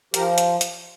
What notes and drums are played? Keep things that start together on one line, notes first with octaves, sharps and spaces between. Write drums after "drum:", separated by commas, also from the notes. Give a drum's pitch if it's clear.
F3 G4 A#4, drum: hi-hat
drum: hi-hat
drum: hi-hat